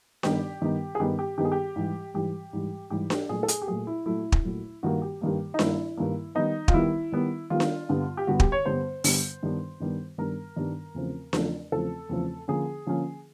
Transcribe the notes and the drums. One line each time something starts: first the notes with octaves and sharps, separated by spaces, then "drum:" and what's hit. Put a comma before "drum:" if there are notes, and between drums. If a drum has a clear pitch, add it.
G2 D#3 G3 B3 D#4 G4, drum: snare D4
G2 D#3 G3 B3 D#4
G#4
G2 D#3 G3 B3 D#4 G4
G4
G2 D#3 G3 B3 D#4 G4
G#4
G4
G#2 E3 G3
G#2 E3 G3 G4
G#2 E3 G3
G#2 E3 G3 G4
G4, drum: snare D4
A#2 F#3 A3 G#4
A4
G#4, drum: hi-hat
G4
A#2 F#3 A3 G#4
E4
A#2 F#3 A3 E4
drum: kick
A#2 F#3 A3
G2 D#3 G3 A#3 F#4
G4
G2 D#3 G3 A#3
D#4
G2 D#3 G3 A#3 E4, drum: snare D4
G2 D#3 G3 A#3
D#3 G3 B3 D#4
F4, drum: kick
D#3 G3 B3 E4
D#3 G3 B3
D#3 G3 B3 F4
drum: snare D4
G2 D3 G3 B3
G4
G2 D3 G3 B3 F#4
G4, drum: kick
C#5
G2 D3 G3 B3 C5
G2 D3 G3 B3, drum: open hi-hat
G2 D#3 G3 B3 D4
G2 D#3 G3 B3 D4
G2 D#3 G3 B3 D4 A#4
G2 D#3 G3 B3 D4
E2 C#3 F3 A3 C4
E2 C#3 F3 A3 C4, drum: snare D4
E2 C#3 F3 A3 C4 A4
E2 C#3 F3 A3 C4
D3 F3 A#3 C#4 G#4
D3 F3 A#3 C#4